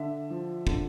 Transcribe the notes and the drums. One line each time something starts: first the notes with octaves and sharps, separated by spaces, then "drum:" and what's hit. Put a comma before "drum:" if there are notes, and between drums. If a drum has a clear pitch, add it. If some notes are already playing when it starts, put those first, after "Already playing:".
Already playing: D3 E5
F3
D3, drum: kick